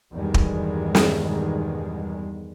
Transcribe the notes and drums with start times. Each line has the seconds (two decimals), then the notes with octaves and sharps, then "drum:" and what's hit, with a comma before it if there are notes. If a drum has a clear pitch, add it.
0.12 E2 G2 B2 D#3 G3 G#3
0.34 drum: kick
0.95 drum: snare